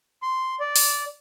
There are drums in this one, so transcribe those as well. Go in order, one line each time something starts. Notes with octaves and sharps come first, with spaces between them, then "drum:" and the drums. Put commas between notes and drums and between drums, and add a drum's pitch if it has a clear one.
C6
D5
drum: open hi-hat